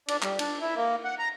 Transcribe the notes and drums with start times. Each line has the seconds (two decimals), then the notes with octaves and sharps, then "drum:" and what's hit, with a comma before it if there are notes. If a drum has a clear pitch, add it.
0.08 D4, drum: cymbal
0.22 G3, drum: clap
0.39 D4, drum: cymbal
0.61 E4
0.76 A#3
1.05 F#5
1.19 A#5